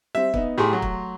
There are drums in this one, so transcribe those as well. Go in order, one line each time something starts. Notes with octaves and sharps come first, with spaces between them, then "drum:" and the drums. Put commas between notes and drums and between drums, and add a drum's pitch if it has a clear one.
G3 C4 E5
B3 D#4, drum: kick
A2 A3 G4 G#4 A#5 C6
F#3
drum: kick